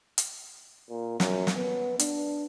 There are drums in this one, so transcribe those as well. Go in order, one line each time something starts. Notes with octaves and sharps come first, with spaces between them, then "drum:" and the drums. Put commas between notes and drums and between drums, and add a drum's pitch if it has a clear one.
drum: hi-hat
A#2
F#2, drum: snare
drum: snare
B3
D4, drum: hi-hat